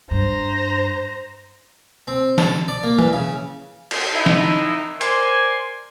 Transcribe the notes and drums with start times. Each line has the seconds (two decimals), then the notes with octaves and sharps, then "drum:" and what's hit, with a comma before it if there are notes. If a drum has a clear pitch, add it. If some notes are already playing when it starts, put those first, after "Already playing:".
0.11 G2 C5 A#5
2.07 C4
2.38 A4, drum: snare
2.68 D5
2.83 A#3
2.99 E3, drum: tom E3
3.13 C#3
3.91 drum: cymbal
4.14 D#4 E4
4.26 drum: snare
5.01 A#4 C5 D5 G#5 C6, drum: hi-hat